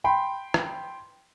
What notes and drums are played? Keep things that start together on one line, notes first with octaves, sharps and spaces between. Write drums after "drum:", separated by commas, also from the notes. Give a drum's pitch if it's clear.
G5 B5 C6
drum: rim click